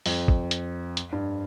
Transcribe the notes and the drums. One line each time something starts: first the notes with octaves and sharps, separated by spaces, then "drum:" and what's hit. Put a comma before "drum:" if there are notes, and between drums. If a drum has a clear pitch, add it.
F2, drum: open hi-hat
drum: kick
drum: hi-hat
drum: hi-hat
G2